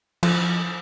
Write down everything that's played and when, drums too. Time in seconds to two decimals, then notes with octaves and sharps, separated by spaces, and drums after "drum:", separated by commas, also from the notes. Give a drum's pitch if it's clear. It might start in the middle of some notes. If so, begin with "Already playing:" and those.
0.23 F3, drum: cymbal